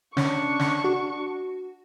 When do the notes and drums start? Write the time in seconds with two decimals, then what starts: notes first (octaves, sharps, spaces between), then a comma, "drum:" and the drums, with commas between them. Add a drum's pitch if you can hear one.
0.17 C#4 D4 C#6, drum: snare
0.59 drum: snare
0.84 F#4